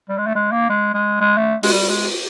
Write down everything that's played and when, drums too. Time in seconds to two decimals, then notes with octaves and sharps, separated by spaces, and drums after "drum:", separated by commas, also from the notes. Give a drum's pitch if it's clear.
0.09 G3
0.18 G#3
0.27 A3
0.35 G#3
0.52 A#3
0.69 G#3
0.94 G#3
1.21 G#3
1.37 A3
1.63 G#3, drum: open hi-hat
1.72 G3
1.89 G#3